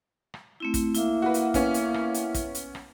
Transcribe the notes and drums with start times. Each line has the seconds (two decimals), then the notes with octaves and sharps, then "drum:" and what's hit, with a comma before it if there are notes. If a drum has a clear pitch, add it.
0.34 drum: rim click
0.60 A3 C4 E4
0.74 drum: kick, hi-hat
0.94 A#3 E4 E5, drum: hi-hat
1.22 F#4 B4
1.34 drum: hi-hat
1.54 B3 C#4, drum: kick, hi-hat
1.74 drum: hi-hat
1.94 drum: rim click
2.14 drum: hi-hat
2.35 drum: kick, hi-hat
2.55 drum: hi-hat
2.75 drum: rim click